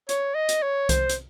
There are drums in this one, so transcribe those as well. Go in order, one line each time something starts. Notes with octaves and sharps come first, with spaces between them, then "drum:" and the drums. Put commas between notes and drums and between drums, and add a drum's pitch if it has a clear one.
C#5, drum: hi-hat
D#5
drum: hi-hat
C#5
C5, drum: kick C2, hi-hat
drum: hi-hat